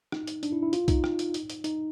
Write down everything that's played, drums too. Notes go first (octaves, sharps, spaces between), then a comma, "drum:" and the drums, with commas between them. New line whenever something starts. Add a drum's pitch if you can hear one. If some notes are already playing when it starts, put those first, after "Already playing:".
D#4, drum: rim click
drum: hi-hat
D4, drum: hi-hat
E4
E4
F4, drum: hi-hat
D#4, drum: kick, hi-hat
drum: rim click
drum: hi-hat
drum: hi-hat
drum: hi-hat
D#4, drum: hi-hat